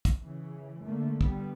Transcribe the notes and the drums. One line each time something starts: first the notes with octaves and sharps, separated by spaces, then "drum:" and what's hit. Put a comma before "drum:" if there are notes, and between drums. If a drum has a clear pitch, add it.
drum: kick, hi-hat
C#3 E3
D3 A3 A#3
D3 G3 B3, drum: kick